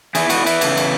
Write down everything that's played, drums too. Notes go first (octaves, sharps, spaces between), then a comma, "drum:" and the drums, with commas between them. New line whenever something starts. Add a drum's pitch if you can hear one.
E2 C#3 E3 E4 G#4, drum: cymbal
F#4 B4, drum: cymbal
B4 E5, drum: cymbal
E2 C#3 E3, drum: cymbal
drum: cymbal